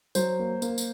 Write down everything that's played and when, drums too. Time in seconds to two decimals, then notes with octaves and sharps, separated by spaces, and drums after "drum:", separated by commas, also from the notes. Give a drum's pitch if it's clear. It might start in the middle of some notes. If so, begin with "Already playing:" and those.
0.15 F#3 C5, drum: tambourine
0.39 A#3
0.62 A#3, drum: tambourine
0.78 drum: tambourine